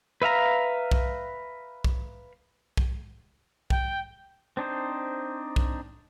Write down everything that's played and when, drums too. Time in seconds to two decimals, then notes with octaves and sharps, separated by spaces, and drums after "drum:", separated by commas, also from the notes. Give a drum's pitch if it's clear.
0.22 B4 E5 F5 A#5
0.92 drum: kick B1
1.84 drum: kick B1
2.77 drum: kick B1
3.70 G5, drum: kick B1
4.57 C4 D4 D#4 C5
5.56 drum: kick B1